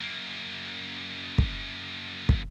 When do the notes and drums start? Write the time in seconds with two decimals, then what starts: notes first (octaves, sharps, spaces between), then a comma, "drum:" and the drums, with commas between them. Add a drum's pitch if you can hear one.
0.01 F#2 A#3
1.38 drum: kick
2.29 drum: kick